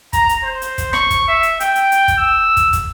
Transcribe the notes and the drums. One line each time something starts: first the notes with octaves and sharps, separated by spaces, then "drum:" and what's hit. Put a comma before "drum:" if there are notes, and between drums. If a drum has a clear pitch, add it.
A#5, drum: kick, hi-hat
drum: hi-hat
C5
drum: hi-hat
drum: kick, hi-hat
C#6, drum: rim click
drum: kick, hi-hat
E5
drum: hi-hat
G5, drum: hi-hat
drum: hi-hat
drum: hi-hat
drum: kick, hi-hat
E6
drum: kick, hi-hat
drum: kick, hi-hat